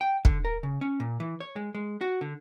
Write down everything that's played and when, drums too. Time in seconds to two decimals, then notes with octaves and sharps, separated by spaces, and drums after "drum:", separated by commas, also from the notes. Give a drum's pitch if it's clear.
0.01 G5
0.25 D3, drum: kick
0.45 A#4
0.63 C#3
0.81 C#4
1.00 A#2
1.20 E3
1.40 C#5
1.56 G#3
1.75 G#3
2.01 F#4
2.21 D3